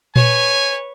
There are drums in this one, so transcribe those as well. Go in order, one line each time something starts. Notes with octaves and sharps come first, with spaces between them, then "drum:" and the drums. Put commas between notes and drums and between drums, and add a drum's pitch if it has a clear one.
B4 C#5 G#5, drum: tom A#2